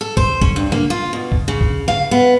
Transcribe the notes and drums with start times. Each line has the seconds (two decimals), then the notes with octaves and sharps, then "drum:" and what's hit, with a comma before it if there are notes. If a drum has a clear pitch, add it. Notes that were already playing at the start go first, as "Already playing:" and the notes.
0.01 A4
0.17 C5, drum: kick
0.41 C#4, drum: kick
0.56 G2
0.72 A#3, drum: snare
0.90 F4
1.13 B2
1.32 drum: kick
1.48 C#3
1.61 drum: kick
1.88 F5, drum: snare
2.11 B3